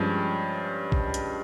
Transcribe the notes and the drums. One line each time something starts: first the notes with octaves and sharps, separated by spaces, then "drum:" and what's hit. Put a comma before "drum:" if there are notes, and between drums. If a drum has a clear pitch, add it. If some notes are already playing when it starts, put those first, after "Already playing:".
Already playing: G2 F3 G#3 C#4
drum: kick A1
drum: hi-hat